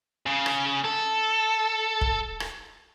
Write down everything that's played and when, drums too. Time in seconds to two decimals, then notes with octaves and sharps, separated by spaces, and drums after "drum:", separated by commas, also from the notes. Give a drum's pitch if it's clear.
0.26 C#3
0.46 drum: rim click
0.85 A4
2.01 drum: kick
2.40 drum: rim click